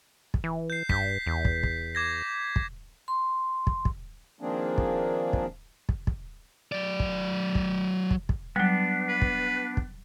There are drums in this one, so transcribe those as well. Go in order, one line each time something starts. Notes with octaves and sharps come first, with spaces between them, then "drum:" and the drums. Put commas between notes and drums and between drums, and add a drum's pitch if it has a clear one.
drum: kick
E3
G6 C7
G2 G6 B6, drum: kick
E2
drum: kick
drum: kick
D6 G#6 A#6
drum: kick
C6
drum: kick
drum: kick
D#3 F3 A#3 C4 D4 G#4
drum: kick
drum: kick
drum: kick
drum: kick
F#3 D5
drum: kick
drum: kick
drum: kick
drum: kick
F#3 G3 B3 D4
B4
drum: kick
drum: kick